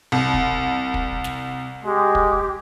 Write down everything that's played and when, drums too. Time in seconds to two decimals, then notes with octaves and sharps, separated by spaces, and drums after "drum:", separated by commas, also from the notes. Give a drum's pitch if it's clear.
0.12 C2
0.34 drum: kick
0.94 drum: kick
1.24 drum: snare
1.85 G#3 G4
2.15 drum: kick